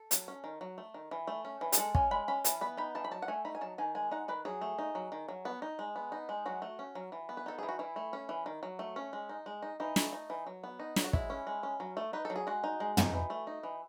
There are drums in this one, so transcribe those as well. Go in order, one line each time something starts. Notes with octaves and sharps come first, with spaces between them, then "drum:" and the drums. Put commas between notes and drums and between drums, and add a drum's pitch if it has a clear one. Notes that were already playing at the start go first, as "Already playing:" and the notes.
Already playing: A4
F#3, drum: hi-hat
C#4
D#3
F#3
A3
D#3
E3
A3
C#4
E3
G#4, drum: hi-hat
G#3 A4
C#4 G#5, drum: kick
G#3 B5
C#4 B5
E3 A5, drum: hi-hat
B3 B5
D#4 B5
E3 A5
B5
F#3 A5
F#5
A3 G#5
D#4 B5
G#5
F#3 A5
D#3 G#5
G#3 G#5
D#4 F#5
D#3 B4
F#3 G#4
A3
D#4
F#3
D#3
F#3
B3
D#4
G#3
B3
D#4
G#3
F#3 F#4
A3
C#4
F#3
E3
B3
B4
D#4 A4
E3 G#4
F#4
E3 E4
A3
C#4
E3
D#3
F#3
A3
C#4
G#3
D#4
G#3
D#4
E3 D#4
A3, drum: snare
D#4
E3
F#3
B3
D#4
F#3, drum: snare
F#4
G#3 E4, drum: kick
C#4
G#3
C#4
F#3
A3
D#4 B4
A4
F#3
G#4
G#3 F#4
D#4
G#3
D#4, drum: tom
E3
A3
D#4
E3